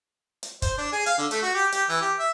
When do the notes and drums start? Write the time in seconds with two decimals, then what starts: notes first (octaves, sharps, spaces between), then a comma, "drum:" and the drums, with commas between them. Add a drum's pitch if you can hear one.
0.43 drum: hi-hat
0.62 C5, drum: kick, hi-hat
0.78 D4
0.92 G#4
1.06 F5, drum: hi-hat
1.18 D3
1.31 A3, drum: hi-hat
1.42 F#4
1.55 G4
1.72 G4, drum: hi-hat
1.89 E3
2.01 G4
2.19 E5